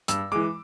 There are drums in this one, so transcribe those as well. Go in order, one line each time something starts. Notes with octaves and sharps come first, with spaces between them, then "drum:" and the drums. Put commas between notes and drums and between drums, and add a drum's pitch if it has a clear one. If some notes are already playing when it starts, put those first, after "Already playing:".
G2 E6, drum: hi-hat
E3 G#3 D6